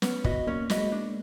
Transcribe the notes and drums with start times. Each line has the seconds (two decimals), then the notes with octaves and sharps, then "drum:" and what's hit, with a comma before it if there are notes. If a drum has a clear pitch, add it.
0.02 B3 C#4, drum: snare
0.24 F#4 B4 D#5, drum: kick
0.47 A#3 C#4
0.70 F#4 B4 D#5, drum: snare
0.77 G#3
0.92 D4